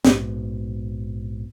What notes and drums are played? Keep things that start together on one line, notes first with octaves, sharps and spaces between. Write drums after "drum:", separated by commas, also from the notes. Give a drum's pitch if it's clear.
A#1 G#2 B2, drum: snare